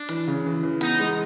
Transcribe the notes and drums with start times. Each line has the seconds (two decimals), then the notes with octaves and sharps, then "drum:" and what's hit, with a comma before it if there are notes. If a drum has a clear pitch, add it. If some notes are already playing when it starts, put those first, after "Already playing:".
Already playing: D4
0.09 E3, drum: hi-hat
0.28 C#3
0.46 E3
0.63 E3
0.81 B3 D#4, drum: hi-hat
1.00 G#3